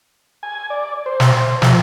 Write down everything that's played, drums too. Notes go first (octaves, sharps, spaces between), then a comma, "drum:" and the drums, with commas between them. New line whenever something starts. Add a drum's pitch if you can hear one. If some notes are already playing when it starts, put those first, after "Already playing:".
G#5
D5
C5
drum: snare
F3, drum: snare